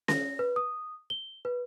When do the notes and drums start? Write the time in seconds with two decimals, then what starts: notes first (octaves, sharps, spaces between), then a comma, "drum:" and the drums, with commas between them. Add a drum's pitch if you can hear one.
0.08 A#6, drum: snare C#4
0.39 B4
0.56 D#6
1.10 G7
1.45 B4